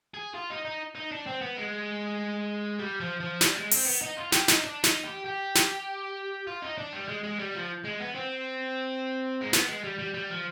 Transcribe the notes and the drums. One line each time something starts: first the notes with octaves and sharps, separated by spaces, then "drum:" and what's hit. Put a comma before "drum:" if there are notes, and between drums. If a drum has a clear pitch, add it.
G#4
F4
D#4
D#4
D#4
D4
C4
B3
G#3
G3
F3
F3
G3, drum: snare
G#3
C4, drum: open hi-hat
B3
D#4
F4
G4, drum: snare
D#4, drum: snare
D4
D#4, drum: snare
G4
G4
drum: snare
F4
D#4
D4
G3
G#3
G#3
G3
F3
G#3
B3
C4
G#3
B3, drum: snare
G#3
G3
G3
G3
F3